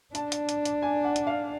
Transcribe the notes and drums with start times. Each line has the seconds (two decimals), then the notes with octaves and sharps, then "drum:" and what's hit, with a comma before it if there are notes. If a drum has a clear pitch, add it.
0.15 D4 A5, drum: hi-hat
0.32 drum: hi-hat
0.49 drum: hi-hat
0.65 drum: hi-hat
0.82 G#5
1.05 F#5
1.16 drum: hi-hat
1.27 F5